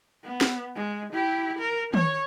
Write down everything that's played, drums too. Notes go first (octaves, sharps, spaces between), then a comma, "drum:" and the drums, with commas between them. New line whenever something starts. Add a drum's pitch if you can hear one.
B3
drum: snare
G#3
E4 G4
A#4
C#5, drum: tom